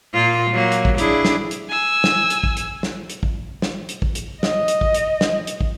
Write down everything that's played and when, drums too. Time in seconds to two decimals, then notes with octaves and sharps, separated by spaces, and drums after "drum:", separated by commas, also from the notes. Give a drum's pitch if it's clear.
0.14 A#2 A#3 F4
0.50 F#3 A#3
0.72 drum: hi-hat
0.85 drum: kick
0.98 D4 E4 G#4, drum: hi-hat
1.25 drum: snare
1.51 drum: hi-hat
1.69 G#5 E6
2.04 drum: snare
2.30 drum: hi-hat
2.43 drum: kick
2.57 drum: hi-hat
2.83 drum: snare
3.10 drum: hi-hat
3.23 drum: kick
3.62 drum: snare
3.89 drum: hi-hat
4.02 drum: kick
4.15 drum: hi-hat
4.43 D#5, drum: snare
4.68 drum: hi-hat
4.81 drum: kick
4.94 drum: hi-hat
5.21 drum: snare
5.47 drum: hi-hat
5.61 drum: kick